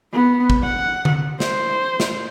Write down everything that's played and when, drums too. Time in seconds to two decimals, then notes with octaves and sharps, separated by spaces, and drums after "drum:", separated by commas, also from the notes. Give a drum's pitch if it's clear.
0.12 B3
0.50 drum: kick
0.63 F#5
1.05 drum: tom D3
1.40 C5, drum: snare
2.00 drum: snare